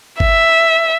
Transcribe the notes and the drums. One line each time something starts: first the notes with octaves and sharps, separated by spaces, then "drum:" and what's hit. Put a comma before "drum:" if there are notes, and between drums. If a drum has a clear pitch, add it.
E5, drum: kick